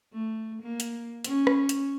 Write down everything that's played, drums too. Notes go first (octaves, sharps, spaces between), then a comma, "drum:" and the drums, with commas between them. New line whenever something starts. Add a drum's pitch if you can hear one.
A3
A#3
drum: hi-hat
C#4, drum: hi-hat
drum: rim click
drum: hi-hat